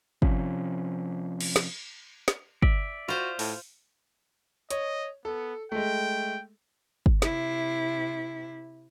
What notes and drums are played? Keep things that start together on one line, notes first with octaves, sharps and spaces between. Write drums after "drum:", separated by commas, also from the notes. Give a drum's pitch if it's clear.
C3 F3 C#4, drum: kick
drum: cymbal
drum: snare
drum: snare
D5 E5, drum: kick
F4 F#4 C5
A2, drum: open hi-hat
C#5 D#5, drum: hi-hat
B3 A4
G#3 A3 G5
drum: kick
C3 E4, drum: snare